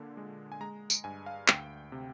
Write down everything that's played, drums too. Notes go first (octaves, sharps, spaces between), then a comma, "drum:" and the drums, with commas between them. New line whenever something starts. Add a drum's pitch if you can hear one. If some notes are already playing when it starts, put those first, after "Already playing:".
Already playing: A#2 D3
G#3
G#5
G#3 A#5
drum: tambourine
G2 G#5
F5
D2 G5, drum: clap
C3